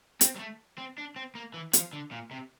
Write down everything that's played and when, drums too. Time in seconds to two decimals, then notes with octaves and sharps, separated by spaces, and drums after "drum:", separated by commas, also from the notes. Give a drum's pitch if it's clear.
0.21 C4, drum: hi-hat
0.35 G3
0.39 A3
0.78 C4
0.98 D4
1.16 C4
1.35 A#3
1.54 E3
1.73 F3, drum: hi-hat
1.93 D3
2.11 A#2
2.31 C3